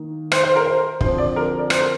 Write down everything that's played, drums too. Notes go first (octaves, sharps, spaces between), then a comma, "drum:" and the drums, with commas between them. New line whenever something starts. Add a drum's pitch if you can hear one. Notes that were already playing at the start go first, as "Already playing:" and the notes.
Already playing: D#3 A#3 D#4
C5, drum: rim click
C5
A#4
C5
D3 F3 C4 C5, drum: kick
D5
A#4
D5
C5, drum: rim click
A#4